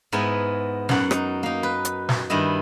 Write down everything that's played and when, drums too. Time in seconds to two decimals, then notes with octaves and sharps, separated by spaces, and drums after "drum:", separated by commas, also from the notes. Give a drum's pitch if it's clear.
0.12 G#2 B3 E4 A#4 G#5
0.89 F#2 F#5, drum: snare
1.11 D#4, drum: rim click
1.43 A#3 D#4
1.63 B4
1.85 drum: hi-hat
2.09 drum: snare
2.30 G2 D#3 E4 D#5